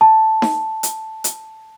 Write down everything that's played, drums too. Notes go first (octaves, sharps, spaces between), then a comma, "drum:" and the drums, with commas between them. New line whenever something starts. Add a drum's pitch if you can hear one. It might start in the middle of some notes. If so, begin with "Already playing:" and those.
A5
drum: snare D#4
drum: hi-hat
drum: hi-hat